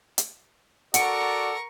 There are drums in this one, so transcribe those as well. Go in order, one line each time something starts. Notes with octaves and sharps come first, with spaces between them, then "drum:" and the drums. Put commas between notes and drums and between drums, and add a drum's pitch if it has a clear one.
drum: hi-hat
F#4 A4 A#4 D5 F#5 C#6 C#7 D7, drum: hi-hat